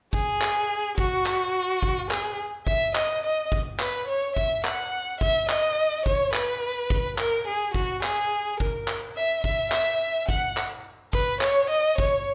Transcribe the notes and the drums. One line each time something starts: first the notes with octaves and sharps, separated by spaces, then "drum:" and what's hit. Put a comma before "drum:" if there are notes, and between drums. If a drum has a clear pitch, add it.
G#4, drum: kick
drum: clap
F#4, drum: kick
drum: clap
drum: kick
G#4, drum: clap
E5, drum: kick
D#5, drum: clap
D#5
drum: kick
B4, drum: clap
C#5
E5, drum: kick
F#5, drum: clap
E5, drum: kick
D#5, drum: clap
C#5, drum: kick
B4, drum: clap
drum: kick
A#4, drum: clap
G#4
F#4, drum: kick
G#4, drum: clap
A#4, drum: kick
drum: clap
E5
E5, drum: kick
E5, drum: clap
F#5, drum: kick
drum: clap
B4, drum: kick
C#5, drum: clap
D#5
C#5, drum: kick